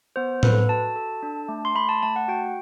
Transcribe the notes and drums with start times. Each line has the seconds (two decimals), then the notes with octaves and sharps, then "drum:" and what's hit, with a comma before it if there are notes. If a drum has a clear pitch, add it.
0.16 B3 C5
0.43 A4 B4, drum: tom A2
0.69 F#4 A5
0.96 A4
1.23 D4
1.49 A3
1.65 C6
1.75 A3 B5
1.89 A5
2.02 A3 A5
2.16 F#5
2.28 F#4 G5